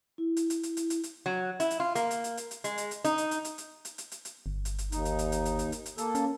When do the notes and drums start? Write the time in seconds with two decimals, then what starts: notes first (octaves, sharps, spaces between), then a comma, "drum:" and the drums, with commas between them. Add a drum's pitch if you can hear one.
0.18 E4
0.37 drum: hi-hat
0.50 drum: hi-hat
0.63 drum: hi-hat
0.77 drum: hi-hat
0.90 drum: hi-hat
1.03 drum: hi-hat
1.26 F#3
1.60 E4, drum: hi-hat
1.70 drum: hi-hat
1.80 F4
1.95 A#3, drum: hi-hat
2.11 drum: hi-hat
2.24 drum: hi-hat
2.37 drum: hi-hat
2.51 drum: hi-hat
2.64 G#3, drum: hi-hat
2.78 drum: hi-hat
2.91 drum: hi-hat
3.04 D#4, drum: hi-hat
3.18 drum: hi-hat
3.31 drum: hi-hat
3.45 drum: hi-hat
3.58 drum: hi-hat
3.85 drum: hi-hat
3.98 drum: hi-hat
4.11 drum: hi-hat
4.25 drum: hi-hat
4.46 G1
4.65 drum: hi-hat
4.78 drum: hi-hat
4.92 D#2 D#4, drum: hi-hat
5.05 drum: hi-hat
5.19 drum: hi-hat
5.32 drum: hi-hat
5.45 drum: hi-hat
5.59 drum: hi-hat
5.72 drum: hi-hat
5.86 drum: hi-hat
5.98 A#3 A4, drum: hi-hat
6.15 C#4, drum: hi-hat